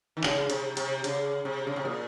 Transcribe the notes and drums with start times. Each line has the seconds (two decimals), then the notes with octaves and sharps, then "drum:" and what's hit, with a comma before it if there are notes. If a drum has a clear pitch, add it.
0.17 D#3
0.23 C#3, drum: clap
0.50 C3, drum: hi-hat
0.77 C3, drum: hi-hat
1.04 C#3, drum: hi-hat
1.45 C3
1.67 C#3
1.76 C3
1.85 A#2